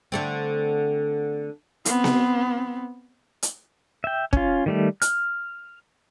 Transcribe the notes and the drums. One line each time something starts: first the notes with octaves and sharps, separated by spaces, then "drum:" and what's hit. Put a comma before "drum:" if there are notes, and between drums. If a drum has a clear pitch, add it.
D3 A3 C4
B3 C4, drum: hi-hat
drum: snare B3
drum: hi-hat
E5 G5
C#4 F4, drum: kick
D#3 G3 A3
F6, drum: hi-hat